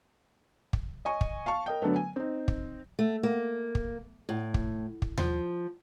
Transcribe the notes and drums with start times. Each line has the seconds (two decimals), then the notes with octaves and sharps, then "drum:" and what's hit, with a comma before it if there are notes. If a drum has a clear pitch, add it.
0.73 drum: kick
1.05 D#5 G#5 C#6
1.21 drum: kick
1.46 F5 A5 C#6
1.66 A#4 D#5 G5
1.82 D3 F#3 A3 B3
1.96 G#5
2.16 C4 D#4
2.48 drum: kick
2.99 A3
3.23 A#3
3.75 drum: kick
4.29 A2
4.54 drum: kick
5.02 drum: kick
5.17 F3, drum: tom D#2